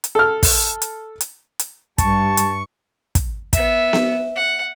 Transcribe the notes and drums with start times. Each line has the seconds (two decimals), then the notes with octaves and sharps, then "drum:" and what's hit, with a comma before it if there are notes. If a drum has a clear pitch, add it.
0.04 drum: hi-hat
0.15 A4 F6
0.43 drum: kick, open hi-hat
0.82 drum: hi-hat
1.20 drum: hi-hat
1.59 drum: hi-hat
1.98 G2 G3 A5 C#6, drum: kick, hi-hat
2.37 drum: hi-hat
3.15 drum: kick, hi-hat
3.53 B3 E5, drum: kick, hi-hat
3.93 drum: snare B3
4.36 F#5